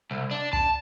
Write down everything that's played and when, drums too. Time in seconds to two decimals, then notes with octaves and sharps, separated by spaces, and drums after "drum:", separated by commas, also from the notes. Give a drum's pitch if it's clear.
0.11 C2
0.31 D4
0.53 A5, drum: kick